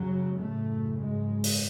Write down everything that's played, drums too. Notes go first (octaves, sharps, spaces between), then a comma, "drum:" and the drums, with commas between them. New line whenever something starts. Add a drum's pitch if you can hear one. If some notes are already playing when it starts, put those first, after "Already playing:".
Already playing: F#2 C#3 F#3
F#2 A2 C#3 A3
G#2 G#3
drum: open hi-hat